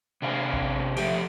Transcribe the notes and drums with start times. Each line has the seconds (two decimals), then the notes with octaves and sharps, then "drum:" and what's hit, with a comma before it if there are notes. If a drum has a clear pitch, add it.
0.22 C3 D4 F5 G#5
0.53 drum: kick A1
0.97 F3 A3 G4, drum: cymbal